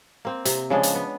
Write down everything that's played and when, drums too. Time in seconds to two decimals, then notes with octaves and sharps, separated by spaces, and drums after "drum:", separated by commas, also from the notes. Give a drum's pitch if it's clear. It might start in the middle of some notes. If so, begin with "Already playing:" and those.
0.25 A#3 C4
0.45 C3, drum: hi-hat
0.70 C#3 F3 G#3 D4
0.83 drum: hi-hat
0.95 B3